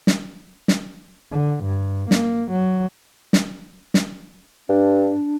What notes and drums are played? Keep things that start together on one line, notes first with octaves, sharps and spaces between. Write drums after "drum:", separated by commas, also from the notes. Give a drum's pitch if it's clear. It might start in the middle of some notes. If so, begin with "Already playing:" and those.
drum: snare
drum: snare
D3
G2
A#3, drum: snare
F#3
drum: snare
drum: snare
G2 D4